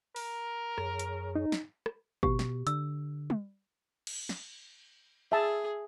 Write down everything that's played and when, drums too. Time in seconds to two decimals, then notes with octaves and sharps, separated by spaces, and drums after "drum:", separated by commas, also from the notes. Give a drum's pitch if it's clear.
0.16 A#4, drum: open hi-hat
0.78 F#2 G#4 C#5, drum: rim click
0.99 drum: hi-hat
1.35 D#4
1.52 drum: snare
1.86 drum: rim click
2.23 B2 G4, drum: kick G#1
2.39 drum: snare
2.67 D3 E6, drum: hi-hat
3.30 drum: tom G3
4.07 drum: cymbal
4.29 drum: snare
5.32 G#4 E5 A5